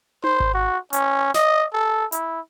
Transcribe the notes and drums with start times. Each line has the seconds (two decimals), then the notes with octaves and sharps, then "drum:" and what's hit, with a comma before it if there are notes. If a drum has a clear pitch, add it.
0.24 C5, drum: tom D#4
0.40 drum: kick G#1
0.54 F#4
0.93 C#4, drum: hi-hat
1.34 D#5, drum: snare
1.73 A4
2.12 E4, drum: hi-hat